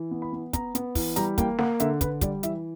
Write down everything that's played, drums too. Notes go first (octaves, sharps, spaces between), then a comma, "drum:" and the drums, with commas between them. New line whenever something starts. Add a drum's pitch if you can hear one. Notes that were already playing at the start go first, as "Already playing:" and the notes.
Already playing: E3
B3
B5
B3
B3 A#5, drum: kick, hi-hat
B3, drum: hi-hat
E3, drum: kick, open hi-hat
G3 A#5, drum: hi-hat
A#3 G5, drum: kick, hi-hat
A#3 F#5, drum: snare
D3 E5, drum: hi-hat
D3 B4, drum: kick, hi-hat
G3 D5, drum: kick, hi-hat
E3 E5, drum: hi-hat